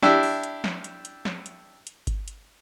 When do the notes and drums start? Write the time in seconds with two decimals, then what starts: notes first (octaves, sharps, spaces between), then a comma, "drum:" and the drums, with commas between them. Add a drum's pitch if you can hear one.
0.03 D4 E4 G4 E5, drum: snare
0.23 drum: open hi-hat
0.43 drum: hi-hat
0.64 drum: snare
0.84 drum: hi-hat
1.05 drum: hi-hat
1.25 drum: snare
1.46 drum: hi-hat
1.87 drum: hi-hat
2.07 drum: kick G1, hi-hat
2.28 drum: hi-hat